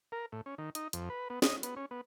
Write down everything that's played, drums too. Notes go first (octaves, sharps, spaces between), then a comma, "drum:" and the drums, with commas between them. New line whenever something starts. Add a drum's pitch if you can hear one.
A#4
A2
C#4
D#3
D#4, drum: hi-hat
F2, drum: hi-hat
B4
B3
D#5, drum: snare
B3, drum: hi-hat
C#4
B3